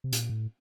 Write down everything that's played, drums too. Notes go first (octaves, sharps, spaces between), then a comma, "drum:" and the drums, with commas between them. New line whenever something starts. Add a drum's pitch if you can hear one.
C3
A#2, drum: hi-hat
A2